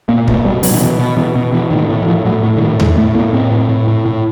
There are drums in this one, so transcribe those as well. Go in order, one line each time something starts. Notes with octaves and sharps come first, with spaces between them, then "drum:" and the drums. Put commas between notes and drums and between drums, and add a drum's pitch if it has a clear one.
A#2 A#3
B2 A3, drum: kick
B2 G3
B2 F#3, drum: open hi-hat
D#3
B2 E3
B2
B2 E3
B2
B2 E3
A2 D#3
A2
E3
A2 F3
A2 F#3
A2
D3
A2 D#3
A2 G#3, drum: tom D#2
A2 A3
A2 A#3
A2 C4
A2
A2
A2
A2